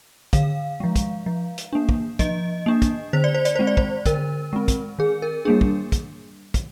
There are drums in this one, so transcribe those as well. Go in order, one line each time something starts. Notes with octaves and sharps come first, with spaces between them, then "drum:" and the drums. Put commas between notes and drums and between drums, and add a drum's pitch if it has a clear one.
D3 F5, drum: kick, hi-hat
F3 G#3
drum: kick, hi-hat
F3
drum: hi-hat
A#3 D4
drum: kick
F3 D#5, drum: kick, hi-hat
A#3 D4
drum: kick, hi-hat
D3 C5
D5
C5
D5, drum: hi-hat
G#3 C4 C5
D5
C5, drum: kick
D3 A#4, drum: kick, hi-hat
G#3 C4
drum: kick, hi-hat
D#3 G#4
A#4
G3 A#3 D4 G#4
drum: kick
drum: kick, hi-hat
drum: kick, hi-hat